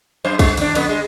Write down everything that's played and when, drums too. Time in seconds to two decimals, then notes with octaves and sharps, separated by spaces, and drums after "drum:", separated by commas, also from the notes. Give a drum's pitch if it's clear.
0.24 F#2 C5
0.39 G3, drum: kick, cymbal
0.57 D#2 D4, drum: cymbal
0.75 F2 D3 B3, drum: cymbal
0.89 G3 G#3